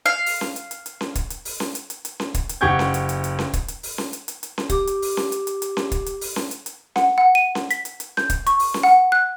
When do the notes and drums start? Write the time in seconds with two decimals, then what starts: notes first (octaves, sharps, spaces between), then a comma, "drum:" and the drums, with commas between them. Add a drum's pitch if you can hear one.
0.06 F5
0.26 drum: open hi-hat
0.41 drum: snare C#4
0.56 drum: hi-hat
0.71 drum: hi-hat
0.86 drum: hi-hat
1.01 drum: snare C#4
1.15 drum: kick, hi-hat
1.30 drum: hi-hat
1.45 drum: open hi-hat
1.60 drum: snare C#4
1.75 drum: hi-hat
1.90 drum: hi-hat
2.05 drum: hi-hat
2.20 drum: snare C#4
2.34 drum: kick, hi-hat
2.49 drum: hi-hat
2.61 F#1 G4 F#5 C#6 G6 G#6
2.79 drum: snare C#4
2.94 drum: hi-hat
3.09 drum: hi-hat
3.24 drum: hi-hat
3.39 drum: snare C#4
3.53 drum: kick, hi-hat
3.68 drum: hi-hat
3.83 drum: open hi-hat
3.98 drum: snare C#4
4.13 drum: hi-hat
4.28 drum: hi-hat
4.43 drum: hi-hat
4.58 drum: snare C#4
4.70 G4 D6, drum: kick, hi-hat
4.87 drum: hi-hat
5.02 drum: open hi-hat
5.17 drum: snare C#4
5.32 drum: hi-hat
5.47 drum: hi-hat
5.62 drum: hi-hat
5.77 drum: snare C#4
5.92 drum: kick, hi-hat
6.06 drum: hi-hat
6.21 drum: open hi-hat
6.36 drum: snare C#4
6.51 drum: hi-hat
6.66 drum: hi-hat
6.96 F#5, drum: snare C#4
7.18 F#5
7.35 D#7
7.55 drum: snare C#4
7.71 B6, drum: hi-hat
7.85 drum: hi-hat
8.00 drum: hi-hat
8.17 G6, drum: snare C#4
8.30 drum: kick, hi-hat
8.47 C#6, drum: hi-hat
8.59 drum: open hi-hat
8.74 drum: snare C#4
8.83 F#5
9.12 F#6